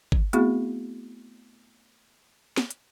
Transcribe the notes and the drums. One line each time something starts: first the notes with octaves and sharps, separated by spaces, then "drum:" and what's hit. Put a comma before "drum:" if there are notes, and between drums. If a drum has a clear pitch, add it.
drum: kick G1
A3 B3 C4 E4 F#4 G#4, drum: hi-hat
drum: snare
drum: hi-hat